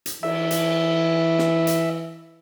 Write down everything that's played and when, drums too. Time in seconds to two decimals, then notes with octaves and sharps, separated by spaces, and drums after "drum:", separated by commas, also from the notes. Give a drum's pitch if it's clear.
0.06 drum: hi-hat
0.23 E3 E5, drum: cymbal
0.51 drum: hi-hat
1.39 drum: snare
1.67 drum: hi-hat